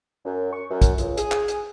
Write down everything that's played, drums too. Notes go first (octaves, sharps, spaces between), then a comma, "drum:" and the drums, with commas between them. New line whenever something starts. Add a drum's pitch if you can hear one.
F#2
C#6
F#2
drum: kick, hi-hat
C#2, drum: hi-hat
G#4, drum: hi-hat
drum: clap
drum: hi-hat